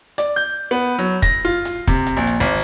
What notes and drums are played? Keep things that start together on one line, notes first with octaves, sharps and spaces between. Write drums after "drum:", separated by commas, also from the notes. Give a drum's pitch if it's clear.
D5, drum: hi-hat
G6
B3
F#3
A#6, drum: kick, hi-hat
F4
drum: hi-hat
C3, drum: kick, hi-hat
drum: hi-hat
A#1
drum: hi-hat
G#1